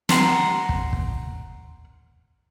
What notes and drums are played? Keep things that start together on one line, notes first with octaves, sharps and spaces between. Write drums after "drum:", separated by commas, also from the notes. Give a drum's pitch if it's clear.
F#5 A#5 C6, drum: snare
drum: kick
drum: kick